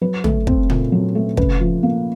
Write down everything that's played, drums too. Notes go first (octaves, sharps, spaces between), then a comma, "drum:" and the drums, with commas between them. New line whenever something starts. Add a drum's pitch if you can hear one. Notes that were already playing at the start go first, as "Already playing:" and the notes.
F#3 B4
A3, drum: tom
C4, drum: kick
A#2, drum: tom C#3
F#3
A3
C#3 B4, drum: kick
F3
A#3